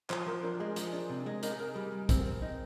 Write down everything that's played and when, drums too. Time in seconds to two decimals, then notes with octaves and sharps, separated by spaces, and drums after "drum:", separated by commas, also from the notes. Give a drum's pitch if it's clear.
0.10 F3 C5, drum: clap
0.26 F3 A#4
0.43 D4 A#4
0.60 G#3 G#4
0.76 F3, drum: hi-hat
0.93 D4
1.09 C3
1.26 G#3
1.43 D#4 A#4, drum: hi-hat
1.51 G#4
1.59 C3 A#4
1.76 G3
1.92 G3
2.09 C4, drum: kick, hi-hat
2.25 C4
2.42 D#4